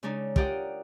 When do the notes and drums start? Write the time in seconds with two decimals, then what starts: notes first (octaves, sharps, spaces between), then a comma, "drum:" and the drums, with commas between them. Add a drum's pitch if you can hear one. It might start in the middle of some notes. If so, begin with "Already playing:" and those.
0.03 C#3 G#3 D4 D#4
0.36 F4 G4 A#4 D5 D#5 F#5, drum: kick